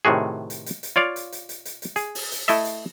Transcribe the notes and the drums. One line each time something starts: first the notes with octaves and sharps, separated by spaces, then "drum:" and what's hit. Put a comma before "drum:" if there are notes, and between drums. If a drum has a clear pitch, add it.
A2 C3 D#3 F#4 G#4
drum: hi-hat
drum: hi-hat
drum: hi-hat
F4 C#5 D5 F5
drum: hi-hat
drum: hi-hat
drum: hi-hat
drum: hi-hat
drum: hi-hat
G#4, drum: hi-hat
drum: open hi-hat
drum: hi-hat
A3 E4 A4 D#5 E5, drum: hi-hat
drum: hi-hat